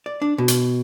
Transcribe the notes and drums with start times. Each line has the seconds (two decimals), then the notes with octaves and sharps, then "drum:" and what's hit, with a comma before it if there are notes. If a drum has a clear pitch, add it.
0.06 D5
0.22 D4
0.38 B2
0.48 drum: hi-hat